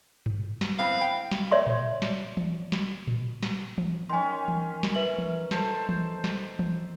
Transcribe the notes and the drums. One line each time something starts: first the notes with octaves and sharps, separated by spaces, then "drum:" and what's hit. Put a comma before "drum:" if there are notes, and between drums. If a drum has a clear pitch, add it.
drum: tom G2
drum: snare
B3 C4 E4 F5
G5
drum: snare
C#5 D5 E5 C6
drum: tom A2
drum: snare
drum: tom E3
drum: snare
drum: tom A2
drum: snare
drum: tom E3
D#3 C#4 G#5 C6
drum: tom E3
drum: snare
B4 E5 F#7
drum: tom E3
A4 C5 A5, drum: snare
drum: tom E3
drum: snare
drum: tom E3